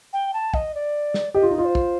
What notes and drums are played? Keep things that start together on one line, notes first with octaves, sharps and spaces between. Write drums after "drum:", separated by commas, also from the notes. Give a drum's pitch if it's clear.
G5
A5
D#5, drum: kick
D5
drum: snare
G4 D#5
F4
D#4
F4
C5
drum: kick